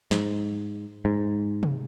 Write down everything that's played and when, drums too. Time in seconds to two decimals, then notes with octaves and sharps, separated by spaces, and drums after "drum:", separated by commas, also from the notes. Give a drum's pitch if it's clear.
0.11 G#2, drum: snare
1.05 G#2
1.63 drum: tom C3